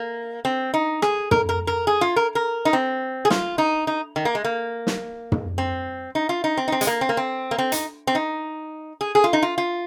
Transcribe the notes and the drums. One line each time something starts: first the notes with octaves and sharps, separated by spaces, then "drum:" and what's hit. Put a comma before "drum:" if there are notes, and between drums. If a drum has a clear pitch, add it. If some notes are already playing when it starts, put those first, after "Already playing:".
Already playing: A#3
C4
D#4
G#4, drum: rim click
A#4, drum: tom
A#4
A#4
G#4
F4
A#4
A#4
D#4
C4
G#4
F4, drum: snare
D#4
D#4
D#3
A#3
G#3
A#3
drum: snare
drum: tom
C4
D#4
F4
D#4
C4
D#4
C4
G#3, drum: hi-hat
A#3
C4
A#3
C4
A#3
C4
D#4, drum: hi-hat
C4
D#4
G#4
G#4
F4
D#4
F4
F4